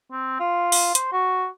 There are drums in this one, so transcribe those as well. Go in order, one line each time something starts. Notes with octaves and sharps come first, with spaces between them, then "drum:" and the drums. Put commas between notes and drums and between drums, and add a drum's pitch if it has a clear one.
C4
F4
drum: open hi-hat
C5, drum: hi-hat
F#4